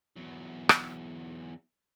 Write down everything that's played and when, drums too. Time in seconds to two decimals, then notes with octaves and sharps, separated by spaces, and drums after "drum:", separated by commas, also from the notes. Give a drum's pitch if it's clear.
0.16 E2 F#3
0.69 drum: rim click